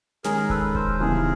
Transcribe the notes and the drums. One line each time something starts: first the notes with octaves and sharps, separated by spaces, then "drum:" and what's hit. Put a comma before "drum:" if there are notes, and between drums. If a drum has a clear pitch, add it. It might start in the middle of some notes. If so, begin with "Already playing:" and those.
D#3 G#3 C#4 G#4 A#4, drum: snare
A4 B4, drum: kick D#1
A#4 C5, drum: kick D#1
C#3 E3 G3 B3 D#4 G#4 A#4